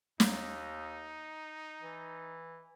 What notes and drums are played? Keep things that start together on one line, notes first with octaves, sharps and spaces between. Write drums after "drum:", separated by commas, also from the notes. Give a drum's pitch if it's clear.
D#2 D#4, drum: snare
E3